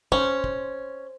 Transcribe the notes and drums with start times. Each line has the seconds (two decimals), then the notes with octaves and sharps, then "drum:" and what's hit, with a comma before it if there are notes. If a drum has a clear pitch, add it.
0.12 C#4 C5, drum: kick
0.44 drum: kick